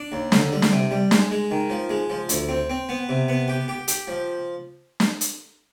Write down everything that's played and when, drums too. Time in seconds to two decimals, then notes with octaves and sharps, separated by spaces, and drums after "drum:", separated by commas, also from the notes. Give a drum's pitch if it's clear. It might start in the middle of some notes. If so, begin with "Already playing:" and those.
Already playing: D4
0.12 D#2
0.32 D3, drum: snare
0.52 G3
0.62 drum: snare
0.72 C3
0.91 G3
1.11 G#3, drum: snare
1.31 G#3
1.51 D#3
1.70 F3
1.89 G#3
2.10 F3
2.29 D2, drum: hi-hat
2.49 C4
2.70 C4
2.89 B3
3.09 C3
3.28 B3
3.48 G4
3.68 G4
3.88 G4, drum: hi-hat
4.08 F3
5.00 drum: snare
5.21 drum: hi-hat